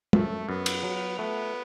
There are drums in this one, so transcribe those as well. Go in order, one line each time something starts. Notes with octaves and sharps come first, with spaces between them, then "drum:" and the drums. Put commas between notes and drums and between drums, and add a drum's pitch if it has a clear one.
F#2 A3, drum: tom
F#2 B3
drum: cymbal
F#3
A3 B3